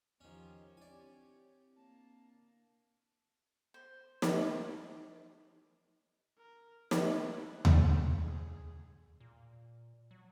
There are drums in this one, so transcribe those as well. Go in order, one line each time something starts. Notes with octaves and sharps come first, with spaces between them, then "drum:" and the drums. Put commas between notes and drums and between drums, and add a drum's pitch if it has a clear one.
E2 D#3 F3 C#4 G4 C5 C#5 G5
C4 D4 E4 G4 D5 G#5
A#3 A5
C5
drum: snare
A#4
E4 B4, drum: snare
drum: tom D#2
G#4
A#2
F#3